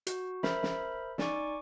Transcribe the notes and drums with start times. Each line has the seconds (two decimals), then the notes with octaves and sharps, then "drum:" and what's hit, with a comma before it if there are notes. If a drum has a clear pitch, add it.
0.07 F#4, drum: hi-hat
0.43 A#4 C5 E5 B5, drum: snare
0.63 drum: snare
1.18 D#4 D5 G#5 C#6 D6, drum: snare